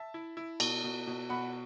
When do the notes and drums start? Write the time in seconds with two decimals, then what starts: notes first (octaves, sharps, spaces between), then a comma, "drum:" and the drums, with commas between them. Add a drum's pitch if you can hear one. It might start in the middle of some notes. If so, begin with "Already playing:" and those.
Already playing: E5 A5
0.14 E4
0.37 E4
0.60 B2, drum: cymbal
0.84 B2
1.07 B2
1.29 B2 F#5 B5